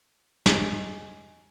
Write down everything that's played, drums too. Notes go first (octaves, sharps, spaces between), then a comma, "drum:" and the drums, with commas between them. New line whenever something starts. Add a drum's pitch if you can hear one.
G#3, drum: snare